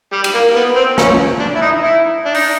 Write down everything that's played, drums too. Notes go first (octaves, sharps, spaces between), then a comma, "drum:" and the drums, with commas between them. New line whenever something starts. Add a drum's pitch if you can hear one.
G3
drum: cymbal
A#3
B3
C4
C#4, drum: snare
D4
E4
D#4
E4
D4
D#4, drum: open hi-hat